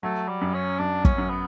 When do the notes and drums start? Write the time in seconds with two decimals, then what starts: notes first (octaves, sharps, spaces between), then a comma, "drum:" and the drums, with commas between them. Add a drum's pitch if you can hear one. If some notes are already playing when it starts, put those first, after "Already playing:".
0.03 F#3 A3
0.28 G3
0.41 F#2
0.54 C#4
0.79 F#2 D4
1.05 C#4, drum: kick
1.18 F#2
1.30 B3